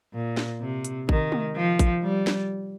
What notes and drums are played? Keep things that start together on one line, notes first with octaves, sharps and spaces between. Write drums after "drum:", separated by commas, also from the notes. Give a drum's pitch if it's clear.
A#2
drum: snare
C3
drum: hi-hat
D#3, drum: kick A1
drum: tom G#3
F3
drum: kick A1, hi-hat
G3
drum: snare